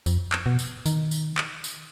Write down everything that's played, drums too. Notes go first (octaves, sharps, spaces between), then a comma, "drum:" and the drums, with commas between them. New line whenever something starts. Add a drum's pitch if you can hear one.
F2, drum: tambourine
drum: clap
B2
drum: tambourine
D#3, drum: tambourine
drum: tambourine
drum: clap
drum: tambourine